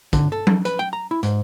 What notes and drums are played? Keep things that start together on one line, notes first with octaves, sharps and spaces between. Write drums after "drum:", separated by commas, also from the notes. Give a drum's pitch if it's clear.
D3, drum: kick, hi-hat
A4
drum: tom F#3
B4, drum: hi-hat
G5
A#5
E4
G#2, drum: hi-hat